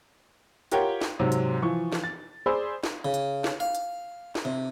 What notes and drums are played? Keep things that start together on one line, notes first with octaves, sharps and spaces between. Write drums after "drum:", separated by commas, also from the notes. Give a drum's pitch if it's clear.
F4 G4 A#4 C#5 F#5 G5, drum: hi-hat
drum: snare
G#2 C3 F#3 C4
drum: hi-hat
E3 F3 C#6
drum: snare
A6
G#4 C5 D5 B5 E6
drum: snare
C#3
drum: hi-hat
drum: snare
F5
drum: hi-hat
drum: snare
C3